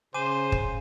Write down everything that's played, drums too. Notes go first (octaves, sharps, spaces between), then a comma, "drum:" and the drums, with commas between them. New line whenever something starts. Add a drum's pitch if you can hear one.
C#3 C5 G#5 D6 D#7
drum: kick